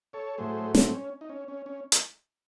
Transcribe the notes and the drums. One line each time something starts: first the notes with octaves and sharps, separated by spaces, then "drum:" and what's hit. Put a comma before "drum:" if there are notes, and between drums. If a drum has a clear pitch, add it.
A4 C#5
A2 F#3 A3 G#4 C5
C#4, drum: snare
C4
C#4
D#4
C#4
C#4
C#4
drum: hi-hat